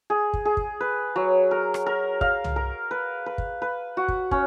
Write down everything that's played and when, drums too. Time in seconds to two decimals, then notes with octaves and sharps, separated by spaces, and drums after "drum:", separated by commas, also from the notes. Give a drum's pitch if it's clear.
0.10 G#4
0.34 drum: kick
0.45 G#4
0.57 drum: kick
0.80 B4
1.16 F#3
1.51 A#4
1.74 drum: rim click
1.86 A#4
2.21 F5, drum: kick
2.44 drum: tom
2.56 A#4
2.91 B4
3.26 B4
3.38 drum: kick
3.62 B4
3.97 F#4
4.08 drum: kick
4.31 C#4, drum: kick